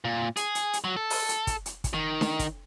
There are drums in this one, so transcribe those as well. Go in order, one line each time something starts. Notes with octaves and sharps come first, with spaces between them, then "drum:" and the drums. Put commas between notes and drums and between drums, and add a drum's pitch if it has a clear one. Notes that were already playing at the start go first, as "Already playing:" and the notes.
A#2
G#4, drum: hi-hat
drum: hi-hat
drum: hi-hat
F#3
A4
drum: open hi-hat
drum: hi-hat
drum: kick, hi-hat
drum: hi-hat
drum: kick, hi-hat
D#3
drum: snare D4
drum: kick, hi-hat